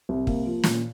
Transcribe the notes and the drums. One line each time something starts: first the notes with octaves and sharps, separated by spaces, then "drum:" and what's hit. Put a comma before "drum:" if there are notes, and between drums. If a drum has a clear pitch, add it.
C2
A#3, drum: kick
F3
A#2, drum: snare